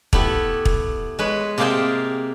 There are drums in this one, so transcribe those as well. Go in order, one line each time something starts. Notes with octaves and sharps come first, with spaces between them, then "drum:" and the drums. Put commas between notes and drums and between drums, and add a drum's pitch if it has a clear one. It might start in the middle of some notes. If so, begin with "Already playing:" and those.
A3 B3 E4 G4, drum: kick
drum: kick
G#3 B4 C#5
C3 A#3 G#4 F5 G5 A5